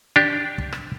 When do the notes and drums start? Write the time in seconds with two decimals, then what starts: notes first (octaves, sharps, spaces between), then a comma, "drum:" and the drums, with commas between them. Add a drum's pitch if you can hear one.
0.16 D4 G4
0.58 drum: kick
0.73 drum: rim click